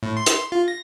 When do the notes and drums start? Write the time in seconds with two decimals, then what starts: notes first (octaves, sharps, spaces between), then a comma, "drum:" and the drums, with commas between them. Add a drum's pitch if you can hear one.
0.03 A2
0.17 C6
0.26 drum: hi-hat
0.52 F4
0.68 A#6